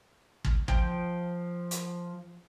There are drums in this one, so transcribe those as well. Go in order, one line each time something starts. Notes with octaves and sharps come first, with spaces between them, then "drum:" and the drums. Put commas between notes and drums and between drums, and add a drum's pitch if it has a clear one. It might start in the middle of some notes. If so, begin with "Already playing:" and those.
drum: kick
F3 G5, drum: kick
drum: hi-hat